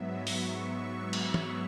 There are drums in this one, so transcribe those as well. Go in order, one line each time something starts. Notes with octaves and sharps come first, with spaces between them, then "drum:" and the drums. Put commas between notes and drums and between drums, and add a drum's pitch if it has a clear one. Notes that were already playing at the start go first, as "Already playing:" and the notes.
Already playing: G#2 F#3 B3 E5
C#6, drum: open hi-hat
drum: cymbal
drum: tom